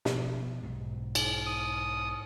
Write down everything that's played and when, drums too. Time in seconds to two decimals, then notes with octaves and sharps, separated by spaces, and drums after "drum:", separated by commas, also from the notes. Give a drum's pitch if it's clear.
0.05 B2 F3 B3, drum: snare
0.63 B1 G#2
1.15 drum: cymbal
1.46 D#6